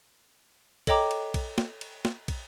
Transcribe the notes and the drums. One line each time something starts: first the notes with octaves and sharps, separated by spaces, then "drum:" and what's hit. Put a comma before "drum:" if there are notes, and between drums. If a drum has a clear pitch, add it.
A4 C#5 D#5 G5 A#5 D6, drum: kick, cymbal
drum: cymbal
drum: kick, cymbal
drum: snare
drum: cymbal
drum: snare
drum: kick, cymbal